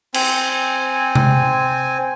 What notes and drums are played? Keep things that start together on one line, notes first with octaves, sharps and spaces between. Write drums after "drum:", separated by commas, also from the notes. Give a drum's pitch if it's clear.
C4 G#5, drum: cymbal
drum: tom C3